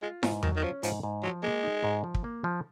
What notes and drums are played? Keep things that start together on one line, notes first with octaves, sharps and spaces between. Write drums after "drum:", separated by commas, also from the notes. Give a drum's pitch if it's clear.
G#3 F4
G#2 F3, drum: snare E4
D#3 F#3, drum: tom E2
D#3
F3 C#4
G#2 F3, drum: hi-hat
G#2
F3 F#3
G#3 A#3
D#4
G#2
F3
drum: kick
A#3
F3